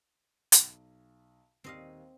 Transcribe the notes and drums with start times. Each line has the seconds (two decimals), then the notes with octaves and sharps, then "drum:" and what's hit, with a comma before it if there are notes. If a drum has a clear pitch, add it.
0.52 B1, drum: hi-hat
1.64 D#1 D#2 C4 G4 D#5 F5